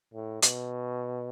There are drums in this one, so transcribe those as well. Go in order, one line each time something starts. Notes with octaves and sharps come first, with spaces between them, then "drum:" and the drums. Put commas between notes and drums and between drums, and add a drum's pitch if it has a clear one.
A2
B2, drum: hi-hat